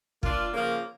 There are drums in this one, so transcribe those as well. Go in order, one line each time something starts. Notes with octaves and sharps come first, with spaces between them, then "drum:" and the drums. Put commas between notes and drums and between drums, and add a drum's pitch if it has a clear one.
A#3 D4 F4, drum: kick
C#3 F3 A#3